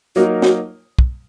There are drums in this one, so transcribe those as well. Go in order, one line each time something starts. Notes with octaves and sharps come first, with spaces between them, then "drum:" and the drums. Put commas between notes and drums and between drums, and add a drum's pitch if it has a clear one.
F#3 A#3 D#4 F#4 A#4
F#4, drum: snare
drum: kick